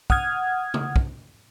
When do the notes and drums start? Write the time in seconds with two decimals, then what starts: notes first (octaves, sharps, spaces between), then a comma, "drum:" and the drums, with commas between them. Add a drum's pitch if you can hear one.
0.10 F#5 D#6 F6 G#6, drum: kick
0.74 drum: tom C#3
0.96 drum: kick